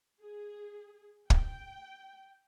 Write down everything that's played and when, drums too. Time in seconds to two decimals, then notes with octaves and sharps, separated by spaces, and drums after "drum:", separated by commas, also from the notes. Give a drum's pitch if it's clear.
0.21 G#4
1.30 G5, drum: kick